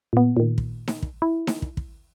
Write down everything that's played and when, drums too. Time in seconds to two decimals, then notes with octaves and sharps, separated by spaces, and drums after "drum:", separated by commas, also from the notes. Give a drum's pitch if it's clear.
0.13 A#2 B3
0.37 A#2 D#3
0.58 drum: kick
0.88 drum: snare D#4
1.02 drum: kick
1.22 E4
1.47 drum: snare D#4
1.62 drum: kick
1.77 drum: kick